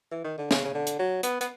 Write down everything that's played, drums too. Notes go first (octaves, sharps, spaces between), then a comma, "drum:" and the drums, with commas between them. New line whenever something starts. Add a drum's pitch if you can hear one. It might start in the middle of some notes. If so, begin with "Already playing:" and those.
E3
D#3
D3
C#3, drum: snare
C#3
D3
drum: hi-hat
F#3
B3, drum: hi-hat
B3, drum: hi-hat